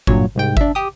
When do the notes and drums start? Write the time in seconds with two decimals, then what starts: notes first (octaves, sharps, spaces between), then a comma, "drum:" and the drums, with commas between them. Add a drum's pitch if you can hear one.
0.07 G2 A#2 F#3 C#5, drum: kick G1
0.35 C2 G#2 G5
0.57 D4 E5, drum: kick G1
0.75 G4 D#6